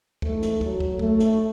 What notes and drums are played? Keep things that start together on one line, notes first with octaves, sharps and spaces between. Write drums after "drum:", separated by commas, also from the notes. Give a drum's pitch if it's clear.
G#2 E3 A3, drum: kick
drum: snare
F#3, drum: kick
drum: kick
A3, drum: kick
drum: snare